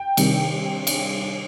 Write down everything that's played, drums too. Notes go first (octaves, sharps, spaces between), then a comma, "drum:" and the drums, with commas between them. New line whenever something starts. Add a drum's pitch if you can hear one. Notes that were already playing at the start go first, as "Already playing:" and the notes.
Already playing: G5
C3 D#3 G3, drum: cymbal
drum: cymbal